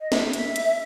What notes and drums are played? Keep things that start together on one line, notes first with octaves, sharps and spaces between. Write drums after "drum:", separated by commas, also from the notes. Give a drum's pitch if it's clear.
D#5
E5, drum: snare
drum: hi-hat
drum: hi-hat